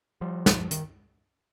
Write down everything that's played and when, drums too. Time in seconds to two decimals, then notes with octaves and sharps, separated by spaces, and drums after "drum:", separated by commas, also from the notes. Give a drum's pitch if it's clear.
0.21 F3 G3
0.46 drum: snare
0.71 D#3, drum: hi-hat